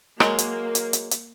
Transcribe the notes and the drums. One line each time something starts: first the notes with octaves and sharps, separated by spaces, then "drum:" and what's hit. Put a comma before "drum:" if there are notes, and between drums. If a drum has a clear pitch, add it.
F#3 G#3 A#3, drum: rim click
drum: hi-hat
drum: hi-hat
drum: hi-hat
drum: hi-hat